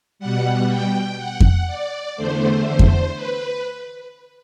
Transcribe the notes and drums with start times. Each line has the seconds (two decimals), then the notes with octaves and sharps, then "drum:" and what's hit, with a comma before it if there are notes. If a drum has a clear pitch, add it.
0.19 B2 G3 F#5
0.68 G5
1.18 F#5
1.40 drum: kick F2
1.67 D5
2.16 E2 D3 A3 C5
2.66 C5
2.79 drum: kick F2
3.15 B4